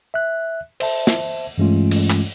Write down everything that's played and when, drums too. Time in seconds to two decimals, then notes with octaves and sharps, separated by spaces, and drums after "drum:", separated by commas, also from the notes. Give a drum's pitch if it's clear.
0.14 E5 F#6
0.80 C5 E5 A5, drum: cymbal
1.07 drum: snare
1.58 G2 E3 G#3 A3 C#4 F4
1.91 drum: cymbal
2.10 drum: clap